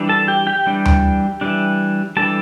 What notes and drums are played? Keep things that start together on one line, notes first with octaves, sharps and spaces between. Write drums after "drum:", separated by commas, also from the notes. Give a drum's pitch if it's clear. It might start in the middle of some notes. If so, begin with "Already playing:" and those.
Already playing: E3 G3 D4
A4 A5
G4 G5
G4 G5
E3 G3 D4
drum: tom D2
E3 G3 D4
E3 G3 D4 A4 A5